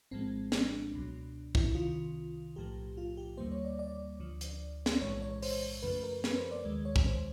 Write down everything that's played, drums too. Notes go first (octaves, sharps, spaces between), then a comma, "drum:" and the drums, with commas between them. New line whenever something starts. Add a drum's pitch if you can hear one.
A#1 A2 F3 G#3 C4
D4, drum: snare
C#2 B2 F#3
E4, drum: kick
C2 C3 D#3 F4
B1 A2 F3 A3 G4
F4
G4
D#2 D3 G3 A#3 C5
C#5
D5
D5
D2 D3 F3
drum: hi-hat
drum: snare
B1 A2 E3 G#3 C#5
C#5
C5, drum: open hi-hat
F#2 C#3 F3 A3 B4
A#4
B4, drum: snare
C5
D5
D#2 D#3 G#3
C#5
drum: kick
C5